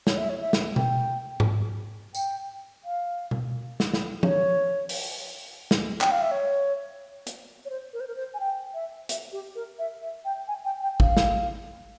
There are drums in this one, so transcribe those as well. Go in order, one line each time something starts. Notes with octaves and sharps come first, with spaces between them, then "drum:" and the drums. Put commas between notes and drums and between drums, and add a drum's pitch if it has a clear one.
C#5, drum: snare
E5
C#5
E5
drum: snare
G5, drum: tom B2
drum: tom G#2
G5, drum: tambourine
F5
drum: tom B2
drum: snare
drum: snare
C#5, drum: tom
drum: open hi-hat
drum: snare
G5, drum: clap
F5
E5
C#5
drum: hi-hat
C#5
C5
A#4
C5
A#4
C5
G#5
G5
E5
E5, drum: hi-hat
G4
A#4
E5
E5
G5
G#5
G5
G5
F5, drum: kick
drum: snare